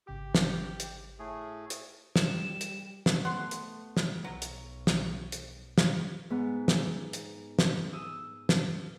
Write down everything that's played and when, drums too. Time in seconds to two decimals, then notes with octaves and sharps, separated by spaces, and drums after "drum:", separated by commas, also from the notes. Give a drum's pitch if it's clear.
0.07 G#1 C#3 G4 D6
0.35 drum: snare
0.80 drum: hi-hat
1.19 A2 A3 G#4
1.70 drum: hi-hat
2.16 G3 E7, drum: snare
2.61 drum: hi-hat
3.06 drum: snare
3.25 A3 B3 F#5 C6
3.51 drum: hi-hat
3.97 drum: snare
4.24 B1 F#3
4.42 drum: hi-hat
4.87 drum: snare
5.32 drum: hi-hat
5.78 drum: snare
6.30 G#2 B3
6.68 drum: snare
7.13 drum: hi-hat
7.59 drum: snare
7.93 D#6 E6
8.49 drum: snare